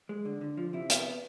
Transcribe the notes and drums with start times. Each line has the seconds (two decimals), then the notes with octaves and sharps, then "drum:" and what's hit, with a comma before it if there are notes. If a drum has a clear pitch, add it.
0.09 G#3
0.25 D3
0.41 D3
0.57 F3
0.73 C3 E4
0.90 B3, drum: hi-hat